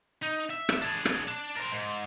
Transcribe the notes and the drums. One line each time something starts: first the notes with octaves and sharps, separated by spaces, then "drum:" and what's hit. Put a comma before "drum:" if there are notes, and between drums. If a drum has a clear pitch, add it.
D#4
E5
drum: rim click
D4 G#4
drum: rim click
D4
A#4 C5
G#2